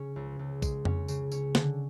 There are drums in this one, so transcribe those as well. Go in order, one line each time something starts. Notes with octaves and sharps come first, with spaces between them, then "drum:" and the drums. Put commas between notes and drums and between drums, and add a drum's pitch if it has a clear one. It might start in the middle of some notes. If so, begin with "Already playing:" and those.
Already playing: C#3 C#4
C#2
C#2
G#3, drum: kick, tambourine
C#4, drum: tom F2
C#3, drum: tambourine
C#4, drum: tambourine
D3, drum: snare